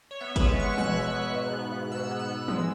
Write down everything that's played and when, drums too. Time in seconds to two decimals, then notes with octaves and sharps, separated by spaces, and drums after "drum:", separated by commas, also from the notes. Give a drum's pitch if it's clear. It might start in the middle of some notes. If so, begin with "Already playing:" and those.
0.11 C#5
0.21 B3 E5
0.36 B4, drum: kick, hi-hat
0.40 G#3 C#5
0.59 G#3 C#6
0.72 E6
0.78 B2 F#6, drum: tom E3
0.97 B2
1.15 B2
1.34 G#2
1.53 B3
1.72 G#2
1.92 G#2 E6
2.11 B3
2.19 E6
2.29 B3
2.48 G#3 E6, drum: tom E3